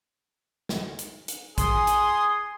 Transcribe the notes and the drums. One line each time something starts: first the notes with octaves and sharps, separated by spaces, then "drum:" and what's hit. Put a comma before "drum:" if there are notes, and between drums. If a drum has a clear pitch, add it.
drum: snare
drum: hi-hat
drum: hi-hat
G#4 C6 D#6, drum: kick A#1, hi-hat
drum: hi-hat